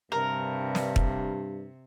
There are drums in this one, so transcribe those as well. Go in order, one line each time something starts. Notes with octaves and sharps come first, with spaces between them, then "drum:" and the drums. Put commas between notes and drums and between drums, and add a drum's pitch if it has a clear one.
G2 C3 A#4
drum: snare
drum: kick